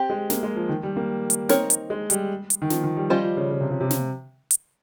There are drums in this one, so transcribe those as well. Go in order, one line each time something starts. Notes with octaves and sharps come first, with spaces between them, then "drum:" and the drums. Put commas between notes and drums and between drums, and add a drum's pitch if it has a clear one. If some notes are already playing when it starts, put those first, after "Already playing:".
Already playing: C4 G4
G#3
A#3, drum: snare
G#3
F3
D#3
G3
A#3
drum: hi-hat
C4 D#4 A#4 C#5, drum: snare
drum: hi-hat
G#3
G3, drum: hi-hat
drum: hi-hat
D#3
F3, drum: snare
D#3
G3
F3 G3 C#4 F4 C5 D#5
F3
C#3
C#3
C3
C#3
C3
drum: snare
drum: hi-hat